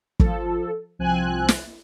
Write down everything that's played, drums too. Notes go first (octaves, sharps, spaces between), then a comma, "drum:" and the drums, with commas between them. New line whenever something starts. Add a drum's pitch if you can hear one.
F3 A4, drum: kick
C2 F3 C4 G#5 F#6
drum: snare